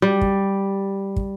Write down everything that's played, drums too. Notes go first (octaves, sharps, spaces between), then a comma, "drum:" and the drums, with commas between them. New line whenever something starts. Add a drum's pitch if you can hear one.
G3
drum: kick
drum: kick